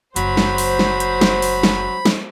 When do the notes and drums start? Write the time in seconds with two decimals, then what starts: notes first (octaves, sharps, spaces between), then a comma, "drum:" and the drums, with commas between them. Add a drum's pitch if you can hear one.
0.16 F#1 F#3 C5 B5, drum: hi-hat
0.37 drum: snare
0.58 drum: open hi-hat
0.79 drum: snare
1.00 drum: hi-hat
1.21 drum: snare
1.42 drum: open hi-hat
1.63 drum: snare
2.05 drum: snare